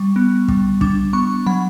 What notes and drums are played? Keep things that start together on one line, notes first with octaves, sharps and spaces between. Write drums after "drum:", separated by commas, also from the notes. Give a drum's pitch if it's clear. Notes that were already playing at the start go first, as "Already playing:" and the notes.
Already playing: G3 C#6
B3
G3, drum: kick
D4 D6, drum: kick
B3 C#6
F#3 B5